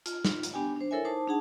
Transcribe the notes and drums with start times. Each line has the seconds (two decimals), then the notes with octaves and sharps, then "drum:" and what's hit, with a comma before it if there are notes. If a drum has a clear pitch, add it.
0.06 F4, drum: hi-hat
0.25 drum: snare
0.43 drum: hi-hat
0.54 B3 D4 G4 G5 G#5
0.76 D4 C5
0.91 E4 A4 A#4 C#5 E5 G#5
1.05 D#4 C5 A5 D6
1.28 D4 D#4 G#4 F#5 A5